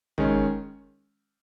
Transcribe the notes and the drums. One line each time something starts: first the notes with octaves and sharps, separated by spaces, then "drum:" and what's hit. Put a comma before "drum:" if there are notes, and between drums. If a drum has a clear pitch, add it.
D#3 G#3 C#4, drum: tom